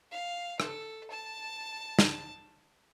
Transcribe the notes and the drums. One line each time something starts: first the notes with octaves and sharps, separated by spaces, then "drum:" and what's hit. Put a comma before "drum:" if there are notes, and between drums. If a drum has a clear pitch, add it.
F5
A4, drum: rim click
A5
drum: snare